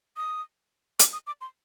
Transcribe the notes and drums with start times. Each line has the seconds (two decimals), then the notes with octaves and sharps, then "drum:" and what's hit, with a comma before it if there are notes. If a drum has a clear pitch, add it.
0.17 D#6
0.99 D6, drum: hi-hat
1.13 D#6
1.27 D6
1.41 C6